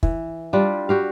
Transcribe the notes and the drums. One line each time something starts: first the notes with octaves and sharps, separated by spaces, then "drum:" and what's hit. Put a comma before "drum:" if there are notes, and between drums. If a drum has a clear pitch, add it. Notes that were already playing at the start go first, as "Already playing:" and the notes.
E3, drum: kick
G3 D4 F4 G4
F#4 G4 F5